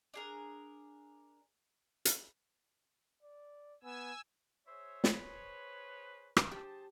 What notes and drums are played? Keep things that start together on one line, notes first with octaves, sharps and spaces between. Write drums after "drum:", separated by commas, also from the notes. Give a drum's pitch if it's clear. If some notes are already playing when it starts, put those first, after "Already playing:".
D4 G#4 A#4
drum: hi-hat
D5
B3 G#5 E6
G#4 C5 C#5 E5
drum: snare
B4
drum: rim click
G4 G#4 C5 A5